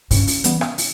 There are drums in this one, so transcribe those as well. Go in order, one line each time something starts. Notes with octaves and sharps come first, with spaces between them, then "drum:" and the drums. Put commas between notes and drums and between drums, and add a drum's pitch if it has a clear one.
G2 C#3, drum: open hi-hat
drum: open hi-hat
E3 G3 B3, drum: hi-hat
drum: rim click
drum: open hi-hat